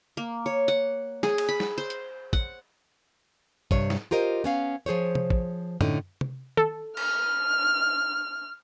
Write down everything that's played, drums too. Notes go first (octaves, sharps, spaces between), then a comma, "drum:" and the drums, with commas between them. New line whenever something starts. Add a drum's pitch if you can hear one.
A#3
C#5
F#5
G#4, drum: snare
drum: cymbal
B5
drum: snare
C5
drum: hi-hat
F#5, drum: kick
G2 C3 G3 C#5, drum: kick
drum: snare
F4 G4 A#4 C5 D#5
B3 C#4 F5
F3 G#4 C5 C#5
drum: tom C3
drum: kick
A2 D3 C#4 D#4, drum: tom F#2
drum: tom C3
A4, drum: tom
F6, drum: cymbal